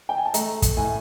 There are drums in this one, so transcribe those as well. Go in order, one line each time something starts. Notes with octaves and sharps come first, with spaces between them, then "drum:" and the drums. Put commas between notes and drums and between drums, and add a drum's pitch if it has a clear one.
G5
G#5
A5
A3 A#5, drum: hi-hat
drum: kick, hi-hat
A2 G#5